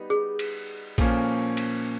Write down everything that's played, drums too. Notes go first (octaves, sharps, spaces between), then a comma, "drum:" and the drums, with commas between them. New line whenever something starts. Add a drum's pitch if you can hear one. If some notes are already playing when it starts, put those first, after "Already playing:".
Already playing: G3 B3 D#4
G#4
drum: cymbal
A#2 F3 A#3 C#4 A4, drum: kick A#1, cymbal
drum: cymbal